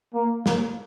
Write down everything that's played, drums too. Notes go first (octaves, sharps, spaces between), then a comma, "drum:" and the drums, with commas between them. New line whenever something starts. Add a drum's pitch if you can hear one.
A#3
A#3, drum: snare